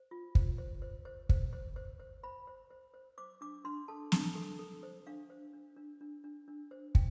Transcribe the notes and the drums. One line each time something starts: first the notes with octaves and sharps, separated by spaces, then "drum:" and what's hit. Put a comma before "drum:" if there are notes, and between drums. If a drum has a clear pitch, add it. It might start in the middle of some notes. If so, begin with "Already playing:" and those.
Already playing: C5
F4
C5, drum: kick
C5
C5
C5
C5, drum: kick
C5
C5
C5
C5 B5
C5
C5
C5
C5 D6
D4 D6
D4 C6
A4 A5
D4 A5, drum: snare
A4
A4
C5
D4 F5
C5
D4
D4
D4
D4
D4
C5
G5, drum: kick